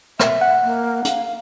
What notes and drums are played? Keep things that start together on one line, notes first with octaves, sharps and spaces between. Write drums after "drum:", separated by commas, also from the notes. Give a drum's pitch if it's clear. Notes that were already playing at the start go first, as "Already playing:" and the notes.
E5, drum: rim click
F#5
A#3
F5, drum: hi-hat